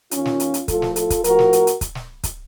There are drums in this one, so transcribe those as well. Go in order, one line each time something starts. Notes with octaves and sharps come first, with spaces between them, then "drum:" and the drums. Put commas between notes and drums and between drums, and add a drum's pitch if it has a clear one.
D#2 D#3 C#4 F4, drum: hi-hat
drum: snare
drum: hi-hat
drum: hi-hat
A2 F3 F4 A4, drum: kick, hi-hat
drum: snare
F4 A4, drum: hi-hat
drum: kick, hi-hat
A2 F3 F#4 A#4, drum: hi-hat
drum: snare
drum: hi-hat
drum: hi-hat
drum: kick, hi-hat
drum: snare
drum: kick, hi-hat